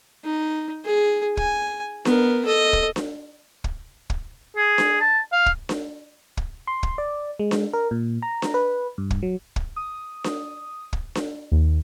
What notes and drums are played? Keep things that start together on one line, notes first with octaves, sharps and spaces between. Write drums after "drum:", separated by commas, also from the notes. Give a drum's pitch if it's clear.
D#4
G#4
G#5, drum: kick
B3 A#4, drum: snare D4
A4 D#5
drum: kick
drum: snare D4
drum: kick
drum: kick
G#4
drum: snare D4
A5
F5
drum: kick
drum: snare D4
drum: kick
C6
drum: kick
D5
G#3
drum: snare D4
A#4
A#2
A#5
drum: snare D4
B4
G2
drum: kick
F#3
drum: kick
D#6
drum: snare D4
drum: kick
drum: snare D4
D#2